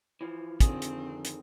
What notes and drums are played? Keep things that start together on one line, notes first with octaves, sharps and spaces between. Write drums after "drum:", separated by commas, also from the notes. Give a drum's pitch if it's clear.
E3 F3
F2 D3 D#3 F3 C4 G#4, drum: kick, hi-hat
drum: hi-hat
drum: hi-hat